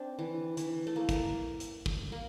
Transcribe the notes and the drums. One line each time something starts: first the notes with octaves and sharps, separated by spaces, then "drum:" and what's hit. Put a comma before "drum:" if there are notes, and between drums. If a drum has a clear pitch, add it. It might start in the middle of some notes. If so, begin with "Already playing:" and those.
Already playing: C4 D4
E3
E3, drum: hi-hat
A3
A#3
drum: kick, hi-hat
drum: hi-hat
drum: kick
A#3